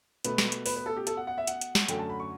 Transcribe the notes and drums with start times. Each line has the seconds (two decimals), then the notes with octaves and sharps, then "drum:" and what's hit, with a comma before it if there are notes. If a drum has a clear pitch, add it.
0.25 B2 A3 B4, drum: hi-hat
0.38 drum: snare
0.52 drum: hi-hat
0.66 B4, drum: open hi-hat
0.76 B4
0.86 A4
0.97 G4
1.07 A4, drum: hi-hat
1.17 F#5
1.27 F#5
1.38 E5
1.47 F#5, drum: hi-hat
1.61 drum: hi-hat
1.75 drum: snare
1.89 F#2 D3 F#3 A3 G5, drum: hi-hat
1.99 A5
2.09 B5
2.20 C#6